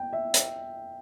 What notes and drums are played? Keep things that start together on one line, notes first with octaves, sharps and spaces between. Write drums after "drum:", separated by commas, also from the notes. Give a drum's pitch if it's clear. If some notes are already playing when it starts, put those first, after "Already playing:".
Already playing: G5
E5
drum: hi-hat